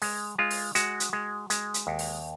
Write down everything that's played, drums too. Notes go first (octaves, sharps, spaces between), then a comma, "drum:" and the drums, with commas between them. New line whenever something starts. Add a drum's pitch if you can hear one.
G#3, drum: open hi-hat
G#3 F4
drum: open hi-hat
G#3 F#4, drum: hi-hat
drum: hi-hat
G#3
G#3, drum: hi-hat
drum: hi-hat
D#2
drum: open hi-hat